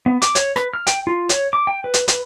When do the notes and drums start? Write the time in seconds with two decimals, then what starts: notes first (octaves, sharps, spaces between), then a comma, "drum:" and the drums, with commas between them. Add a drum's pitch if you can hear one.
0.06 B3
0.22 D6, drum: hi-hat
0.35 C#5, drum: hi-hat
0.56 B4, drum: rim click
0.74 F6
0.87 G5, drum: hi-hat
1.07 F4
1.29 C#5, drum: hi-hat
1.53 D6
1.67 G5
1.84 B4
1.94 drum: hi-hat
2.08 B4, drum: hi-hat